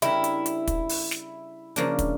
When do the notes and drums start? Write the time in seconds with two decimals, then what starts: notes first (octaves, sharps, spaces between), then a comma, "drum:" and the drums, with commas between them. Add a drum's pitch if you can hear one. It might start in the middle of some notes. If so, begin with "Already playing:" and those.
0.02 C#3 G3 D4 E4 G4 A#4, drum: hi-hat
0.24 drum: hi-hat
0.46 drum: hi-hat
0.67 drum: kick, hi-hat
0.89 drum: open hi-hat
1.11 drum: snare
1.76 C#3 F3 A#3 D4, drum: hi-hat
1.99 drum: kick, hi-hat